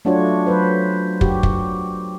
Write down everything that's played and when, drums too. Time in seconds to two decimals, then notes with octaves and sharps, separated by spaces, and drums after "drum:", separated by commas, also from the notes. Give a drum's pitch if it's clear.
0.05 F#3 A3 D4 F4 F#4 C#5
0.47 F#3 B4 C5
1.21 F#4 G4, drum: kick
1.43 drum: kick